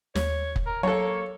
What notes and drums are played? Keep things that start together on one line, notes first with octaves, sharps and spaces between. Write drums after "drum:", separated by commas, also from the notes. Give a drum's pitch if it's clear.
D#2 C#5, drum: snare
drum: kick
A#4
F#3 A#3 A4 C#5